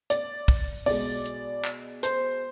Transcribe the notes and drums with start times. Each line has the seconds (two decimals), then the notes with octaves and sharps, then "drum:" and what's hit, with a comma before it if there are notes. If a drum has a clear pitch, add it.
0.10 D5, drum: hi-hat
0.48 drum: kick, open hi-hat
0.86 B2 G#3 D5, drum: open hi-hat
1.26 drum: hi-hat
1.64 drum: clap
2.03 C5, drum: hi-hat